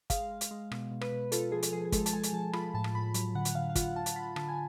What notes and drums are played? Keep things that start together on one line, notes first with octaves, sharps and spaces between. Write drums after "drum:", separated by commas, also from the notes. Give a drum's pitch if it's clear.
G#3 F5, drum: kick, hi-hat
G#3
drum: hi-hat
G#3
B2, drum: rim click
B2
B4, drum: rim click
B2
F4 A4, drum: hi-hat
F3 G#4
drum: hi-hat
F3 G#4
G#4
G#3 A4, drum: kick, hi-hat
A5, drum: hi-hat
G#3 G#5
drum: hi-hat
F3 A5
F4 B5, drum: rim click
A2 A5
drum: rim click
A2 B5
F#3, drum: hi-hat
D3 F#5
drum: hi-hat
D3 F5
F5
F4 F#5, drum: kick, hi-hat
F4 A5
drum: hi-hat
F4 B5
D3 A5, drum: rim click
G#5